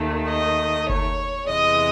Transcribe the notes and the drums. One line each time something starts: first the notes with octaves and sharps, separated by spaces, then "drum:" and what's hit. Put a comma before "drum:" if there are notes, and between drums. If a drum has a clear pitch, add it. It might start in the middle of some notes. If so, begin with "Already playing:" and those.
Already playing: D#2 D#3 A3
D#5
C#5, drum: kick F#1
E2 C3 E3 G#3 D#5